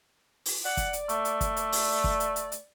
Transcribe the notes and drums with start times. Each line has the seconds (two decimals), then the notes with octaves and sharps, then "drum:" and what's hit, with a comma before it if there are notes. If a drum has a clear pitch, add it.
0.46 drum: open hi-hat
0.65 D5 F#5
0.77 drum: kick, hi-hat
0.93 drum: hi-hat
1.09 A3, drum: hi-hat
1.25 drum: hi-hat
1.41 drum: kick, hi-hat
1.57 drum: hi-hat
1.72 drum: open hi-hat
2.04 drum: kick
2.20 drum: hi-hat
2.36 drum: hi-hat
2.52 drum: hi-hat